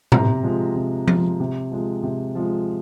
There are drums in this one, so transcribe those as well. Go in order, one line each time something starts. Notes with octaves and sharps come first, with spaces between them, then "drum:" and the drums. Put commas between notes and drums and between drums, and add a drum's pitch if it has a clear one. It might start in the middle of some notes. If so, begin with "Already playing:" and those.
C3 A#5, drum: tom A2
F3 G#3
C3
F3 G#3, drum: tom F3
C3
F3 G#3
C3
F3 G#3